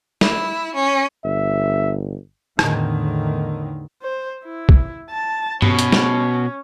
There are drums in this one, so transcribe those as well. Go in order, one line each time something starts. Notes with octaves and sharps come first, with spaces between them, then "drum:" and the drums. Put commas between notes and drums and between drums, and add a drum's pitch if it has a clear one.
E4, drum: snare
C#4
G1 E5
E2 A2 D3 D#3, drum: rim click
C5
E4
drum: kick
A5
B2 C#4, drum: tom G2
drum: hi-hat
drum: snare